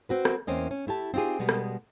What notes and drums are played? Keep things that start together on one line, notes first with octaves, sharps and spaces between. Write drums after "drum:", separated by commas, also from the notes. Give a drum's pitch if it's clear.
C4 F#4 B4
drum: rim click
E2 A#3 C4 C#4 D#5
C#4
A3 E4 G4 A5
C4 D#4 F4 G4 G#4
B2 G3 G#3 B3
drum: rim click